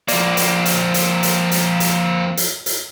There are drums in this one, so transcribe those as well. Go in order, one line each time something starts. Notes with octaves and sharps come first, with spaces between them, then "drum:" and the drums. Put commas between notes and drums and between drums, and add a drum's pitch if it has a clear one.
F3 A#3 C4 D5, drum: hi-hat
drum: hi-hat
drum: hi-hat
drum: hi-hat
drum: hi-hat
drum: hi-hat
drum: hi-hat
drum: hi-hat
drum: hi-hat